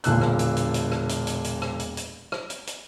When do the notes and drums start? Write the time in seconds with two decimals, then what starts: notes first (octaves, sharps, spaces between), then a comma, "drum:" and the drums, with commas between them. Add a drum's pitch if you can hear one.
0.04 E1 A#2 D3 D4 E6 F#6, drum: hi-hat
0.21 drum: rim click
0.39 drum: hi-hat
0.57 drum: hi-hat
0.74 drum: hi-hat
0.92 drum: rim click
1.09 drum: hi-hat
1.27 drum: hi-hat
1.44 drum: hi-hat
1.62 drum: rim click
1.79 drum: hi-hat
1.97 drum: hi-hat
2.32 drum: rim click
2.50 drum: hi-hat
2.67 drum: hi-hat